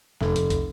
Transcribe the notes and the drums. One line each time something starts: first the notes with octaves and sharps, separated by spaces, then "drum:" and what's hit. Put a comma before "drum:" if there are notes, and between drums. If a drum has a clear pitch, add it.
F1, drum: snare
F1, drum: hi-hat
drum: kick, hi-hat